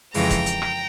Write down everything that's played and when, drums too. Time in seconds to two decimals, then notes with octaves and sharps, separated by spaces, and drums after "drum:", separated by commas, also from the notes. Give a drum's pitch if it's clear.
0.14 F2 C#3 E3 G#3 G5 A#5, drum: open hi-hat
0.30 drum: kick, hi-hat
0.46 drum: hi-hat
0.62 drum: rim click